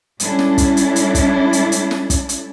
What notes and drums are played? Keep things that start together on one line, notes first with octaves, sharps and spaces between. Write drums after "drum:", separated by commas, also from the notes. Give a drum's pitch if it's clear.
G3 G#3 C#4 D4 E4 A4, drum: hi-hat
drum: snare
drum: kick, hi-hat
drum: hi-hat
drum: hi-hat
drum: kick, hi-hat
drum: hi-hat
drum: hi-hat
drum: snare
drum: kick, hi-hat
drum: hi-hat